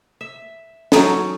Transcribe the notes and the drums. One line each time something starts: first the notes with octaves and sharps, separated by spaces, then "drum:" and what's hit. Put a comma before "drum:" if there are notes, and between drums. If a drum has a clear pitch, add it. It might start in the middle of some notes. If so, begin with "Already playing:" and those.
E5
F#3 C#4 D#4 A4, drum: snare